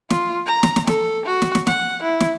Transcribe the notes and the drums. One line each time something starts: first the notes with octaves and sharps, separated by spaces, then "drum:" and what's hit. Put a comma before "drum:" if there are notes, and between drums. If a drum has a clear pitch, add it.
F4, drum: snare
A#5
drum: snare
drum: snare
A4, drum: snare
F#4
drum: snare
drum: snare
F#5, drum: snare
E4
drum: snare